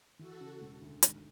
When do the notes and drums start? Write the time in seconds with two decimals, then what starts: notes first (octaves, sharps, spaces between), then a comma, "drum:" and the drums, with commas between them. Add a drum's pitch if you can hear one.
0.19 E3 F#4 A4
0.40 C#3
0.61 E1
0.82 D2
1.03 G#1, drum: hi-hat